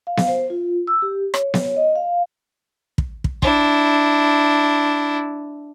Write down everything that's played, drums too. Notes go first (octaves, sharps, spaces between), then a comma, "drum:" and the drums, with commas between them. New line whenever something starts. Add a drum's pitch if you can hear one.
F5
drum: snare B3
C5
F4
E6
G4
C#5, drum: rim click
drum: snare B3
D#5
F5
drum: kick
drum: kick
D4 E4, drum: kick